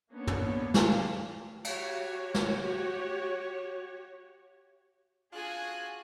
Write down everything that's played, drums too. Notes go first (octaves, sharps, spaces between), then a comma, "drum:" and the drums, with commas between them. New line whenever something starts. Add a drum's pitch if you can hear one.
A#3 B3 C#4 D4
drum: tom
G4 F5 A5, drum: snare
F#4 G4 C#5, drum: cymbal
drum: snare
D4 F4 F#4 G#4 G#5 F#6